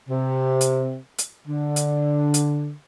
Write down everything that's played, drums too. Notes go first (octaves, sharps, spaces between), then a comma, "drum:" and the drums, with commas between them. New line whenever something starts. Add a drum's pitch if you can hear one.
C3
drum: hi-hat
drum: hi-hat
D3
drum: hi-hat
drum: hi-hat